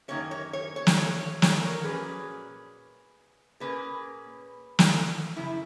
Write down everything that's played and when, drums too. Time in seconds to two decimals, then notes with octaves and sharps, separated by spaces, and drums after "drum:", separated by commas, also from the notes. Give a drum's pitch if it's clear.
0.08 F#2 D#3 A#3 C#4 C#5
0.31 C#5
0.53 C#5
0.76 C#5
0.87 drum: snare
0.98 C#5
1.21 C#5
1.42 C#5, drum: snare
1.65 A#4 C#5
1.84 A#2 F#3 A#3 C#4 G#4 B4
3.60 A#2 A#3 C#4 G#4 B4
4.79 drum: snare
5.36 F#2 C#3 E4